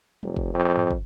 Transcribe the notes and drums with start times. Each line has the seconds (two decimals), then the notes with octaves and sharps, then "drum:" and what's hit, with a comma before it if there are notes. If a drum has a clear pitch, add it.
0.23 F1, drum: tom
0.36 drum: kick
0.54 F2
0.77 drum: tom G2
0.91 drum: kick